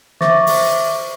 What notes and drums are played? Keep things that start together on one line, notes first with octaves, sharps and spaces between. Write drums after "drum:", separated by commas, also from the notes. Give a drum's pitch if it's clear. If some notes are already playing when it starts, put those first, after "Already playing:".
C5 E5 C#6 D6 A6 A#6, drum: snare
drum: open hi-hat